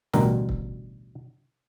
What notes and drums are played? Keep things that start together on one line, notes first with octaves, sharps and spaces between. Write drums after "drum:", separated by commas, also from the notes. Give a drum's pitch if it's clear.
A1 D2 B2 G3 A#4 A#5, drum: snare
drum: kick